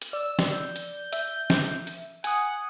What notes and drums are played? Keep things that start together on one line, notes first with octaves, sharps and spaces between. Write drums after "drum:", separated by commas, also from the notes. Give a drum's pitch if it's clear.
drum: hi-hat
D5 E6
drum: snare
G6
drum: hi-hat
E5, drum: hi-hat
drum: snare
drum: hi-hat
F#5 G#5 D#6, drum: hi-hat